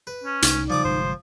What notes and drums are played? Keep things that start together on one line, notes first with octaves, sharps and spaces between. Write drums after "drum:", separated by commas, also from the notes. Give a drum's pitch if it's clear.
B4
C#4
C2 G#3 D#4, drum: hi-hat
C#3 F3 G3 D5 D6 D#6
G1 C3 G#3 C5